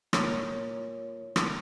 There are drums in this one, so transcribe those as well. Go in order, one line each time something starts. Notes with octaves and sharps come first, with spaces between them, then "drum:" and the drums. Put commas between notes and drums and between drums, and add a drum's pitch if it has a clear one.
A#2 C#5, drum: rim click
drum: rim click